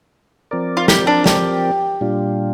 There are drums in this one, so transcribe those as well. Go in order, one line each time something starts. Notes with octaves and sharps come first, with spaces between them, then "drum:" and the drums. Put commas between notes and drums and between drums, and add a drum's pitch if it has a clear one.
F3 C4 A#4 D5
F4
G4, drum: snare
D4
G4, drum: snare
A#2 G3 D4 F4